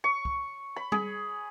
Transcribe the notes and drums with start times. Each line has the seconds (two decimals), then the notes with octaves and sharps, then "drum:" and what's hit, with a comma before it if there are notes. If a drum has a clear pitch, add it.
0.04 C#6
0.25 drum: kick
0.76 B5
0.92 G#4, drum: tom G3